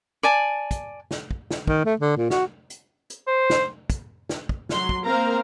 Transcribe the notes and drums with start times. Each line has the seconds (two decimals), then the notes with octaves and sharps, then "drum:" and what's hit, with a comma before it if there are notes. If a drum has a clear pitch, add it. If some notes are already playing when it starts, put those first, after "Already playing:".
0.23 D5 G#5 A5
0.71 drum: kick, hi-hat
1.11 drum: snare
1.31 drum: kick
1.50 drum: snare
1.67 D#3, drum: kick
1.85 A3
2.00 D3
2.17 A#2
2.30 F#4, drum: snare
2.70 drum: hi-hat
3.10 drum: hi-hat
3.27 C5
3.50 drum: snare
3.90 drum: kick, hi-hat
4.29 drum: snare
4.49 drum: kick
4.69 F#3 C6, drum: snare
4.89 drum: kick
5.06 A#3 C4 A#4 F5 A#5